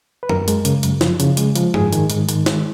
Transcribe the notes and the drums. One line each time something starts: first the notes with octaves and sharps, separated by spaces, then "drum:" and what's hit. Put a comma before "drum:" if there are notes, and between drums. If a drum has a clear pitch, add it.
B4
F#2 A#4, drum: tom
G#3, drum: hi-hat
C#3, drum: hi-hat
F#2, drum: hi-hat
F3, drum: snare
C#3, drum: hi-hat
G#3, drum: hi-hat
F3, drum: hi-hat
G#2 G#4, drum: tom
D#3, drum: hi-hat
G#2, drum: hi-hat
D#3, drum: hi-hat
G#3, drum: snare